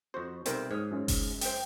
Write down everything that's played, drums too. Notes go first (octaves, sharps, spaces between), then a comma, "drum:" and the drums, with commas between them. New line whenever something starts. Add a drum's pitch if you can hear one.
F2 F#4 C5
B1 C3 G3 A4 A#4 C5 C6, drum: hi-hat
G#2 C#5 D#6 F6
F#2 G#3 C#4
drum: kick F#1, open hi-hat
C5 E5 G5, drum: open hi-hat